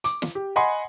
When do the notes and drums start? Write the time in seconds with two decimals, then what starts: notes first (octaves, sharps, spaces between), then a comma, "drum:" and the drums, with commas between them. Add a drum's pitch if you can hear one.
0.04 D6, drum: hi-hat
0.22 drum: snare
0.35 G4
0.56 D#5 F#5 G#5 B5 C6